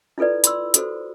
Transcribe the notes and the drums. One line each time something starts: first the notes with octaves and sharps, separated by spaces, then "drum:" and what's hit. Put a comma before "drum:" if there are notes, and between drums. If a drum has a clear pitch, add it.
E4 F4 A4 B4 D5
B5 C6 E6, drum: hi-hat
F#4 A4 C5, drum: hi-hat